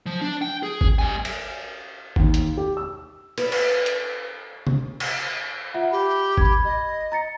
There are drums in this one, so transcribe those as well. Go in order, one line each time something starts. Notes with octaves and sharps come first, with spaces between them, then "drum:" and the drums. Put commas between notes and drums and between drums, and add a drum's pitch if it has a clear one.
F3
D4
G5
G#4
drum: kick G#1
G3 G#5
drum: cymbal
D#2, drum: kick G#1
drum: hi-hat
G4
E6
B4, drum: cymbal
drum: cymbal
drum: hi-hat
drum: tom C3
drum: cymbal
F4 E5 F#5
G4 B5
B5 G#6, drum: kick G#1
D#5
A#5 A6 C#7